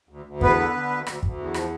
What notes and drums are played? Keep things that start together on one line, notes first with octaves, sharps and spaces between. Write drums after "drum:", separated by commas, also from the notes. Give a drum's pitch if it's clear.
D2
D2
E2 B3 B4, drum: kick
D3
D3
D2
D2, drum: rim click
D2, drum: kick
E2
F3, drum: rim click